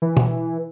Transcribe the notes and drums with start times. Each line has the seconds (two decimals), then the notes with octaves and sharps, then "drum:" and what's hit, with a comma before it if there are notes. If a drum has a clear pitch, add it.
0.02 E3
0.17 drum: tom